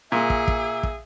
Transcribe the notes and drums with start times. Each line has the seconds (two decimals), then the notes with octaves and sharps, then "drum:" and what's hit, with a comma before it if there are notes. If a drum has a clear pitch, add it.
0.12 A#2 G#4 E5
0.30 drum: kick
0.48 drum: kick
0.83 drum: kick